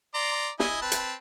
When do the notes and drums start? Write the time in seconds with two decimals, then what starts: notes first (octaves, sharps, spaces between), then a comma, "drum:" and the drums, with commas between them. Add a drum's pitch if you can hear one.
0.14 D5 A#5 C6
0.60 E4 D#5 G#5, drum: snare
0.82 C4 B4 A5
0.92 drum: hi-hat